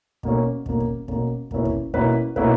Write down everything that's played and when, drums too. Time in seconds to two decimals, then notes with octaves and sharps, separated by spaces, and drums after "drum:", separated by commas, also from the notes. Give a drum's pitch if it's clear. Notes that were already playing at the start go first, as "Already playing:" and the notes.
0.23 B2 A#3 C#4, drum: kick
0.66 B2 A#3 C#4, drum: kick
0.80 drum: kick
1.08 B2 A#3 C#4, drum: kick
1.51 B2 A#3 C#4 E4 B4, drum: kick
1.65 drum: kick
1.94 B2 A#3 C#4 E4 B4, drum: kick
2.36 B2 A#3 C#4 E4 B4, drum: kick